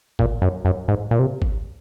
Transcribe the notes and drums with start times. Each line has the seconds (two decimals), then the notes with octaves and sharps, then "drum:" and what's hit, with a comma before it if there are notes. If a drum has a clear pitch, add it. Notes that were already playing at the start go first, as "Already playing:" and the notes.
0.19 A#2, drum: kick
0.42 F#2
0.65 F#2
0.88 G#2
1.11 A#2
1.19 C3
1.42 drum: kick